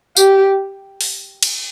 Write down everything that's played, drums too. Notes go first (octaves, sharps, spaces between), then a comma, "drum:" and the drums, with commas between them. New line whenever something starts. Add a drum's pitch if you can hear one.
G4, drum: tambourine
drum: open hi-hat
drum: cymbal